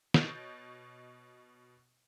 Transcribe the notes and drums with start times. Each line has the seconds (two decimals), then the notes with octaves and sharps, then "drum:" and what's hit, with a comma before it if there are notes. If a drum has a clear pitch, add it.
0.14 B2 C#5 D#5 G6 A6 D7, drum: snare